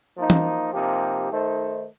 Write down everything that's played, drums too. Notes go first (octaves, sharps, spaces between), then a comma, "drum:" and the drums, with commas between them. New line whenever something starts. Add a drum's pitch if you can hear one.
F3 A#3 D#4
drum: tom E3
C3 F3 A#3 D#4 G4
D#3 A3 D#4 A4 C5